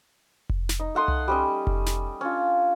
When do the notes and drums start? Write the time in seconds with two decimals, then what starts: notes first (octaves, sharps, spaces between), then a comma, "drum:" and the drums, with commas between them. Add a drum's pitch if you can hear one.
0.49 drum: kick F1
0.69 drum: snare
0.80 D#4
0.95 A3 F#5 C6 D#6
1.08 drum: tom C2
1.28 G3 C#4 D#5
1.67 drum: kick F1
1.86 drum: snare
2.21 C#4 D4 F4